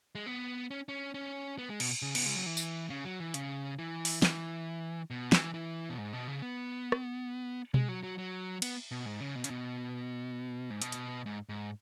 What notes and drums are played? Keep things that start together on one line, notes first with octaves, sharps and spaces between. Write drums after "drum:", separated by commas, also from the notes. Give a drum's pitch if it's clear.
G#3
B3
C#4
C#4
C#4
B3
G#3
B2, drum: cymbal
C#3
B3, drum: cymbal
G#3
F#3
E3
drum: tambourine
C#3
F#3
E3
C#3, drum: hi-hat
E3
drum: open hi-hat
E3, drum: snare
B2
E3, drum: snare
E3
B2
G#2
B2
C#3
B3
drum: rim click
G#3, drum: tom B2
F#3
F#3
F#3
B3, drum: cymbal
B2
G#2
C#3
B2
C#3, drum: hi-hat
B2
G#2
B2, drum: hi-hat
drum: hi-hat
G#2
G#2